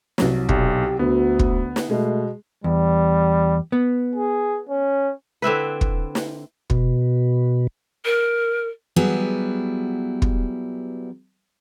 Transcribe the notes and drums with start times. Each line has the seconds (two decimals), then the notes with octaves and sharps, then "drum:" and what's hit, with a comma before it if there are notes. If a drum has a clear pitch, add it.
0.18 C2 F#3, drum: snare
0.49 B1 G4, drum: kick
0.99 D2 D3 B3 F#4
1.39 drum: kick
1.76 drum: snare
1.90 B2 G#3 A3
2.64 E2 G3
3.72 B3
4.15 G#4
4.70 C#4
5.42 D3 C4 E4 B4
5.81 drum: kick
6.15 drum: snare
6.70 B2, drum: kick
8.05 A#4
8.96 F#3 G3 B3 E4 G#4
10.22 drum: kick